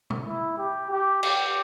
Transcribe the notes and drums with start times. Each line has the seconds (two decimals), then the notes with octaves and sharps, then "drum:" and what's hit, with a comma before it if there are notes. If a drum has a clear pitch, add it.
0.10 drum: tom
0.25 E4
0.58 G4
0.91 G4
1.23 G4, drum: cymbal